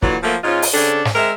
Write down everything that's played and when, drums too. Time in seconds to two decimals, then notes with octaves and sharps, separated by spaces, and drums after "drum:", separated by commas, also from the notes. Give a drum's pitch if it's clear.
0.02 A#2 D3 E3 F#3, drum: kick
0.23 F3 F#3 A3 A#3
0.44 G#2 G#3 C#4 F4
0.62 drum: open hi-hat
0.74 C#3 C4 D4 A4 D5
1.05 drum: snare
1.15 G#3 C4 A#4 E5